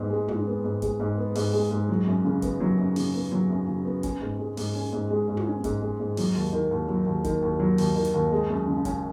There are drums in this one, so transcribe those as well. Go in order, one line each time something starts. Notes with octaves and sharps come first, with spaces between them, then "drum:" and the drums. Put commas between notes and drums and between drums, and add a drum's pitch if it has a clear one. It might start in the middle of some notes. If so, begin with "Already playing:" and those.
Already playing: G#2 B3
G#3
G#2, drum: tom
B3
G#2
G#3, drum: kick, hi-hat
G#2
B3
G#2, drum: open hi-hat
G#3
G#2
F#3
F#2
C#3
B3, drum: kick, hi-hat
F#3
F#2
C#3, drum: open hi-hat
B3
F#3
F#2
C#3
B3
C#4, drum: kick, hi-hat
G#2
G#3
G#2, drum: open hi-hat
C#4
G#2
G#3
G#2
drum: tom
C#4
G#2, drum: kick, hi-hat
G#3
G#2
F#3, drum: open hi-hat
D#2
D#3
D#2
F#3
D#2
D#3, drum: kick, hi-hat
D#2
F#3
D#2, drum: open hi-hat
D#3
drum: hi-hat
D#2
G#3
F#2
C#3
C#4, drum: kick, hi-hat